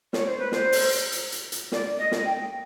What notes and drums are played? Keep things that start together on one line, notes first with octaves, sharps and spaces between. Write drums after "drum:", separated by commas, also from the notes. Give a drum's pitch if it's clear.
C#5, drum: snare
C5
B4
C5, drum: snare
drum: open hi-hat
drum: hi-hat
drum: hi-hat
drum: hi-hat
drum: hi-hat
D5, drum: snare
D#5
drum: snare
G5